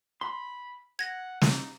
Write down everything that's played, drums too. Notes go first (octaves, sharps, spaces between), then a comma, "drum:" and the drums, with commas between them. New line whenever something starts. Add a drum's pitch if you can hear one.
B5 C6
F#5 G#6 A#6
D#4, drum: snare